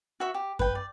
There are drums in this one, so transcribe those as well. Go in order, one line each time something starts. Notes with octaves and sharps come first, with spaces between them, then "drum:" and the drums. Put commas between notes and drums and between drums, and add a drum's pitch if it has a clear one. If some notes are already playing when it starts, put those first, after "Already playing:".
F#4 E5 C#6
G4
B4 G5, drum: kick F#2
D5